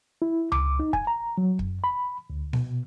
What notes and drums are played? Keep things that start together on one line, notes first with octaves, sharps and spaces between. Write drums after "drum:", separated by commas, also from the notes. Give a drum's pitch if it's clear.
E4
D6, drum: tom C#2
D#4
G#5, drum: kick
A#5
F#3
F#2, drum: kick
B5
D2
B2, drum: snare B3